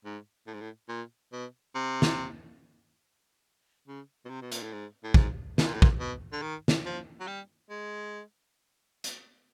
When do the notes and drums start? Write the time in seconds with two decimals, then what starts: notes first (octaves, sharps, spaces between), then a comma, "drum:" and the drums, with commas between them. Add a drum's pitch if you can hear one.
0.05 G#2
0.47 A2
0.54 G#2
0.61 A2
0.89 A#2
1.33 B2
1.75 C3
2.02 drum: snare
3.88 C#3
4.25 B2
4.29 C3
4.42 B2
4.52 A#2, drum: hi-hat
4.63 A2
4.73 G#2
5.04 A2
5.14 G#2, drum: kick
5.58 B2, drum: snare
5.66 A#2
5.75 A2
5.82 A#2, drum: kick
5.99 B2
6.33 D3
6.42 D#3
6.68 drum: snare
6.86 F3
7.20 F#3
7.27 G3
7.70 G#3
9.04 drum: hi-hat